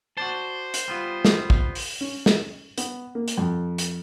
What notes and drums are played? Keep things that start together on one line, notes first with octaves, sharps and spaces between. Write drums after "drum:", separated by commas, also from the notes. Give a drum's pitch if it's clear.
F#4 C5 D5 A5
drum: hi-hat
G3 B3 F4
drum: snare
drum: kick
drum: open hi-hat
C#4
drum: snare
B3, drum: hi-hat
A#3
drum: hi-hat
F2
drum: hi-hat